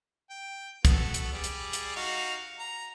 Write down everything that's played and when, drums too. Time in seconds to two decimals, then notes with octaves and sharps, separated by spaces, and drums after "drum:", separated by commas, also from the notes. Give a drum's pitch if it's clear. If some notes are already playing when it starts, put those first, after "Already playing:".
0.30 G5
0.85 B3 F#4 A4, drum: kick, hi-hat
1.14 drum: hi-hat
1.33 G3 G#4 D5
1.44 drum: hi-hat
1.73 drum: hi-hat
1.96 D#4 F#4 F5
2.59 A#5